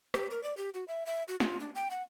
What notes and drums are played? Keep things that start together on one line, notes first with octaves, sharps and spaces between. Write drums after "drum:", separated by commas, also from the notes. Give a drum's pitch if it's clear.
G4, drum: rim click
A#4
D5
G4
F#4
E5
E5
F#4
F4, drum: snare
D4
G5
F#5